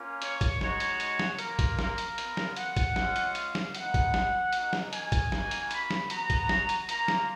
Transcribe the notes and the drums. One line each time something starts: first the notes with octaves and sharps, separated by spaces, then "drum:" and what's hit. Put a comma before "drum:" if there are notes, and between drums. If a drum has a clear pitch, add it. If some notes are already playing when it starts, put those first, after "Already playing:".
Already playing: A#3 C#4 F4
C#5, drum: hi-hat
drum: kick A1, hi-hat
G#3 D#4 F#4 C#5, drum: snare
drum: hi-hat
drum: hi-hat
drum: snare
A#3 F4 A#4, drum: hi-hat
drum: kick A1, hi-hat
A#4, drum: snare
drum: hi-hat
B3 F4, drum: hi-hat
drum: snare
F#5, drum: hi-hat
drum: kick A1, hi-hat
G#3 C#4 F4, drum: snare
drum: hi-hat
F5, drum: hi-hat
drum: snare
G#3 B3 D#4 F#5, drum: hi-hat
drum: kick A1, hi-hat
drum: snare
A#3 D#4 F#4, drum: hi-hat
drum: snare
G#5, drum: hi-hat
drum: kick A1, hi-hat
A#3 D#4 F#4, drum: snare
drum: hi-hat
B5, drum: hi-hat
drum: snare
B3 F#4 A#5, drum: hi-hat
drum: kick A1, hi-hat
drum: snare
drum: hi-hat
A#3 F4 A#5, drum: hi-hat
drum: snare